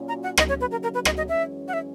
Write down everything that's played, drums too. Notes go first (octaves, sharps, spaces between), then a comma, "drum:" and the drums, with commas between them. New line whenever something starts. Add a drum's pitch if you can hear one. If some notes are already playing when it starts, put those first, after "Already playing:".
Already playing: A#2 F#3 C#4 F#4
A#5
F#5
D#2 C#3 F#3 C#4 D#5, drum: rim click
C#5
B4
A#4
A#4
B4
D#5, drum: rim click
D#5
F#2 E3 G#3 C#4 E5
F#5
E5